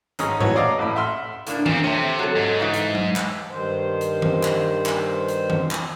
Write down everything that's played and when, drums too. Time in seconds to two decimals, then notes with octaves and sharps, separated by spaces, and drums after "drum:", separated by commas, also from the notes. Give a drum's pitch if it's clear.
0.19 G#1 G#2 C#4 G#4 A#5 D#6, drum: hi-hat
0.41 E3 A3 F#4 A4 B4 C#5, drum: tom A2
0.56 D5 D#5 F5 F#5 A#5 D6
0.78 A1 A2 B5
0.96 E5 F#5 C6 E6 F6
1.47 A2 A#3 D4, drum: hi-hat
1.66 A#2 C4, drum: tom D#3
1.84 C3 A3 C#5
2.19 F#3 A4
2.35 G#2
2.60 C#3 E3 D#4
2.74 drum: hi-hat
2.95 drum: tom F#3
3.16 drum: clap
3.51 G2 D#3 C5
4.01 drum: hi-hat
4.22 drum: tom D#3
4.44 drum: clap
4.86 drum: clap
5.28 drum: hi-hat
5.50 drum: tom D#3
5.71 drum: clap